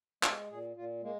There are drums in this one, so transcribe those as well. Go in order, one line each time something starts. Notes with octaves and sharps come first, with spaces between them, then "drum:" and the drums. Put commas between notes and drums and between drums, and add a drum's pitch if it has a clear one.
G#3, drum: clap
A#2 G#4
A#2 F4
G#3 A#3